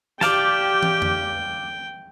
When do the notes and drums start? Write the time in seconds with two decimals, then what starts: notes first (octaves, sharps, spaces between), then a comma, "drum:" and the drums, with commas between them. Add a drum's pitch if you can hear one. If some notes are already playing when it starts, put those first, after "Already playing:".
0.21 G4 D5 F5 G5 A5, drum: snare
0.83 drum: tom
1.02 drum: tom